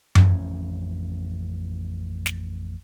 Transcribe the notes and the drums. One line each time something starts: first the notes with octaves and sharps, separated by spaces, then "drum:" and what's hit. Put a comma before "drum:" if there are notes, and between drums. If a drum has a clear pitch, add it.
A1 F2 C#4, drum: tom F#2
drum: snare